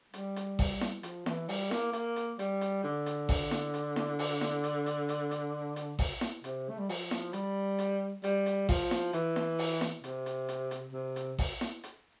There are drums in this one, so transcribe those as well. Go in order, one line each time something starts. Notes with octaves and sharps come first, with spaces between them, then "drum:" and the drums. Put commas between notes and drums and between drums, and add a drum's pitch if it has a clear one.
G3, drum: hi-hat
drum: hi-hat
drum: kick A1, open hi-hat
drum: snare E4
F3, drum: hi-hat
E3, drum: snare E4
G3, drum: open hi-hat
A#3, drum: snare E4
A#3, drum: hi-hat
drum: hi-hat
G3, drum: hi-hat
drum: hi-hat
D3
drum: hi-hat
drum: kick A1, open hi-hat
drum: snare E4
drum: hi-hat
drum: snare E4
drum: open hi-hat
drum: snare E4
drum: hi-hat
drum: hi-hat
drum: hi-hat
drum: hi-hat
drum: hi-hat
drum: kick A1, open hi-hat
drum: snare E4
C3, drum: hi-hat
A3
G3
F3, drum: open hi-hat
drum: snare E4
G3, drum: hi-hat
drum: hi-hat
G3, drum: hi-hat
drum: hi-hat
F3, drum: kick A1, open hi-hat
drum: snare E4
E3, drum: hi-hat
drum: snare E4
drum: open hi-hat
drum: snare E4
C3, drum: hi-hat
drum: hi-hat
drum: hi-hat
drum: hi-hat
C3
drum: hi-hat
drum: kick A1, open hi-hat
drum: snare E4
drum: hi-hat